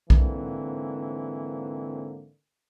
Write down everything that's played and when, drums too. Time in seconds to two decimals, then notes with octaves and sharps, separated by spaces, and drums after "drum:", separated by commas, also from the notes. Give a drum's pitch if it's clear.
0.10 G#2 D3 E3 A#3 C4, drum: kick B1